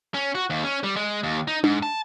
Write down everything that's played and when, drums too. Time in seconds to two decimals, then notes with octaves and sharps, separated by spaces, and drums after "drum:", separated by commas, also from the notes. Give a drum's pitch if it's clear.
0.14 C#4
0.35 F#4
0.50 D#2
0.64 C#4
0.84 G3
0.96 G#3
1.23 D#2
1.47 D#4
1.64 G#2, drum: tom D4
1.83 A5